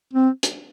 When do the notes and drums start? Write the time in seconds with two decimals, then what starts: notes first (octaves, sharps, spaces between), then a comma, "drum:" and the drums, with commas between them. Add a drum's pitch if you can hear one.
0.13 C4
0.43 drum: hi-hat